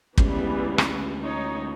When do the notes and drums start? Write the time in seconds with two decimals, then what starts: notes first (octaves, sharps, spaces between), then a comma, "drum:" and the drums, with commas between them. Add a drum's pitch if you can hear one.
0.18 D2 E3 G3 G#3 B3 C#4, drum: kick
0.78 drum: rim click
1.22 D#4 C#5